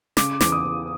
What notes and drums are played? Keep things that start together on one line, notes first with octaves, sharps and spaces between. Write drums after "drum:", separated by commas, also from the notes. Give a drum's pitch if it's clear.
C#3 D6, drum: snare
E2 D6, drum: snare
D#6
E2